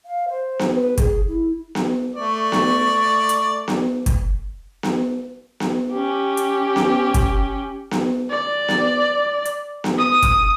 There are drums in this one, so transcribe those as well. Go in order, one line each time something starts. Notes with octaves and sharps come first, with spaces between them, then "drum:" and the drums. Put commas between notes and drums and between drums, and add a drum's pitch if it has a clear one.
F5
C5
drum: snare B3
B4
G#4, drum: kick, hi-hat
E4
drum: snare B3
A3 D5 C#6
drum: snare B3
drum: hi-hat
drum: snare B3
drum: kick, hi-hat
drum: snare B3
drum: snare B3
C#4 G4
drum: hi-hat
drum: snare B3
drum: kick, hi-hat
drum: snare B3
D5
drum: snare B3
drum: hi-hat
drum: snare B3
D#6
drum: kick, hi-hat